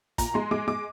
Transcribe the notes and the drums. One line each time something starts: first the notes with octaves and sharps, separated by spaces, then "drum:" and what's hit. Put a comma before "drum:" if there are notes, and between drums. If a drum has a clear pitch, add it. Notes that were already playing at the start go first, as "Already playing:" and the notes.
A#2 A#5, drum: kick, hi-hat
G#3 C6
G#3 D6
G#3 D6